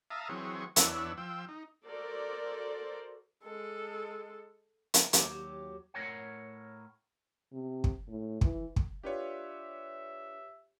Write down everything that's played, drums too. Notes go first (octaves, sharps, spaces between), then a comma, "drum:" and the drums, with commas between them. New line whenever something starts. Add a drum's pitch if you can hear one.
E5 F5 A5 A#5 D#6
E3 F#3 C4 G#4 C#5
E2 E3 D4 C#5 F#5 E6, drum: hi-hat
F3 G5 E6
D#4
F#4 A4 A#4 C5 D5
G#3 A4
drum: hi-hat
D#2 F#3 G4, drum: hi-hat
A2 A#4 C#5 F#5
C3
drum: kick
A2
E3, drum: kick
drum: kick
D4 F4 G4 B4 C#5 E5